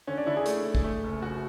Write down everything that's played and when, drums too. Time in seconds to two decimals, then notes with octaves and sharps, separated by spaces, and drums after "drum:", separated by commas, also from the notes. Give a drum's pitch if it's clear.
0.07 D3 C#4
0.17 D4
0.26 D3 E4
0.37 G#4
0.46 A3, drum: hi-hat
0.65 A3
0.75 drum: kick
0.84 A3
1.03 F#1
1.22 F#1 F#4